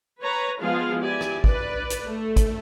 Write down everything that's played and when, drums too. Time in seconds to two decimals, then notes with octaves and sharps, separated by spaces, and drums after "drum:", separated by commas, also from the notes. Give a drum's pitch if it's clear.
0.21 B4 C#5 A#5
0.60 F3 G#3 B3 F4 G#4 F5
1.01 E4 G4 D5 G#5
1.21 drum: rim click
1.44 B4 D5, drum: kick
1.90 drum: hi-hat
2.06 A3
2.36 drum: kick, hi-hat